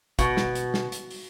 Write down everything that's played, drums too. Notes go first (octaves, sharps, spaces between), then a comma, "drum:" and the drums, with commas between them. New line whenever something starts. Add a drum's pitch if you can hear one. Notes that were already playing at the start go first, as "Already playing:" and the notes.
B2, drum: kick, hi-hat
drum: snare
drum: hi-hat
drum: snare
drum: hi-hat
drum: open hi-hat